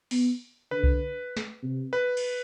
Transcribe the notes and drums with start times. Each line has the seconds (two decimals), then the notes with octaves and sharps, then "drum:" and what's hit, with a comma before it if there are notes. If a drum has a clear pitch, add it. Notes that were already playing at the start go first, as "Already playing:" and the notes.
0.11 B3, drum: open hi-hat
0.71 D3 B4
0.83 drum: kick C2
1.37 drum: snare
1.62 C3
1.93 B4
2.17 drum: cymbal